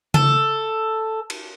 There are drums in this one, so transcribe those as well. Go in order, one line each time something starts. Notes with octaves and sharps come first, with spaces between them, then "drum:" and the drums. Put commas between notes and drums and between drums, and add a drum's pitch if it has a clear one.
A4, drum: tom C#3
drum: cymbal